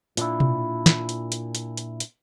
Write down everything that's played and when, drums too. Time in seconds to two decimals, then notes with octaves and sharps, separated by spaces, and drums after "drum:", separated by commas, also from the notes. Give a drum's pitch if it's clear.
0.17 A#2 D4 E4, drum: hi-hat
0.40 drum: tom B2
0.86 drum: snare
1.09 drum: hi-hat
1.32 drum: hi-hat
1.55 drum: hi-hat
1.77 drum: hi-hat
2.00 drum: hi-hat